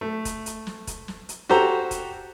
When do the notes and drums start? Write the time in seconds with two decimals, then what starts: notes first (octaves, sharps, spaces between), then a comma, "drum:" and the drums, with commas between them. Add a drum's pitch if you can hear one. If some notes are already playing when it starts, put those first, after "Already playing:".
0.01 A3
0.25 drum: kick E1, hi-hat
0.46 drum: hi-hat
0.67 drum: snare
0.87 drum: kick E1, hi-hat
1.08 drum: snare
1.29 drum: hi-hat
1.49 F#4 G4 A4 C5 A#5, drum: snare
1.91 drum: kick E1, hi-hat